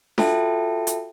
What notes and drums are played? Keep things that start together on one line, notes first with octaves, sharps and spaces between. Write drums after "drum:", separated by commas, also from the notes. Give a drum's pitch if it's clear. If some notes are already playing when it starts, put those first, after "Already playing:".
F4 F#4 A4 E5 G5 A5, drum: snare D4
drum: hi-hat